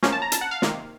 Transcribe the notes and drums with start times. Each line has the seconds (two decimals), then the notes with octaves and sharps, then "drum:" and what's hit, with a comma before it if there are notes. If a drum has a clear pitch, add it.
0.03 F#2 F3 A#3 C#4, drum: snare
0.13 A5
0.22 A#5
0.32 A5, drum: hi-hat
0.41 F#5
0.51 F5
0.62 C3 D#3 A#3, drum: snare